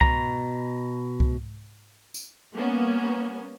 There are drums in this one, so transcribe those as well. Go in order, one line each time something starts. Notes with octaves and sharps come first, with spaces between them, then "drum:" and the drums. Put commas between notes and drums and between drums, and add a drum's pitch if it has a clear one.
B2 A#5, drum: kick C2
drum: kick C2
drum: tambourine
G3 A#3 B3 C#4